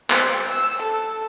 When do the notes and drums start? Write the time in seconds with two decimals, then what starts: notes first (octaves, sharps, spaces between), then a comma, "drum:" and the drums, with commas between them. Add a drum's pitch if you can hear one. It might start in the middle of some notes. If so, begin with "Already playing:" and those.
0.10 C5, drum: clap
0.49 E6
0.82 A4